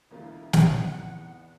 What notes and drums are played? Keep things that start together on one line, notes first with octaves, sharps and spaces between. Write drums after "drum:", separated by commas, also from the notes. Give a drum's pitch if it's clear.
E1 D2 A#3 E4 F4
drum: snare
E2 F3 C4 D#4 F#5